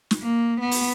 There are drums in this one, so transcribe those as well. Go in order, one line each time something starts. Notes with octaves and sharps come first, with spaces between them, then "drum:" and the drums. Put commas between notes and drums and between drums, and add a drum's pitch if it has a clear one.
drum: snare
A#3
B3
drum: open hi-hat